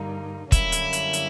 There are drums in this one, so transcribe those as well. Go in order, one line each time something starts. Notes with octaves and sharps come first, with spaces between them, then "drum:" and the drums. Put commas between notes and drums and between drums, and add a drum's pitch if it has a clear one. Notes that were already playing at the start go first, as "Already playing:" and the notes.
Already playing: G2 D3 G3 A#3 D#4
F#2 D3 G3 A#3 C#4 E4, drum: kick, hi-hat
drum: hi-hat
drum: hi-hat
drum: hi-hat